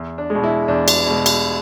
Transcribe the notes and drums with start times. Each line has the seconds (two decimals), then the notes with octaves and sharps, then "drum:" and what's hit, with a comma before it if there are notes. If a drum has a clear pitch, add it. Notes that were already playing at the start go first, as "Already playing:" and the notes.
Already playing: E2
0.18 D4
0.30 G#3
0.35 B2
0.44 E4
0.68 E2 D4
0.88 drum: cymbal
1.07 B2 G#3
1.26 drum: cymbal